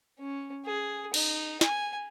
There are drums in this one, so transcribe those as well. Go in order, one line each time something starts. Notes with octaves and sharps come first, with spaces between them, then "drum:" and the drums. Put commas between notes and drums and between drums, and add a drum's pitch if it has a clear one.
C#4
G#4
D#4, drum: cymbal
G#5, drum: snare